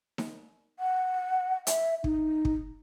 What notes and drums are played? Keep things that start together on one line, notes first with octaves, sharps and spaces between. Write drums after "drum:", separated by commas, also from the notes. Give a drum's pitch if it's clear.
drum: snare D#4
F#5
E5, drum: hi-hat
D#4, drum: kick
drum: kick